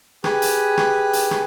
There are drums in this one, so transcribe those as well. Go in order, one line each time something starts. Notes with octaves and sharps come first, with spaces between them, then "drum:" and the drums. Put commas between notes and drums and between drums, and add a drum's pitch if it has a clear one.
G4 G#4 B4, drum: rim click
drum: hi-hat
drum: rim click
drum: hi-hat
drum: rim click